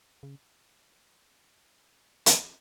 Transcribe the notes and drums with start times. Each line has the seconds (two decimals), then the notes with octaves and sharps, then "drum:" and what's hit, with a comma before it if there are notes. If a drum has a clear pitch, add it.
0.23 C#3
2.26 D#3, drum: hi-hat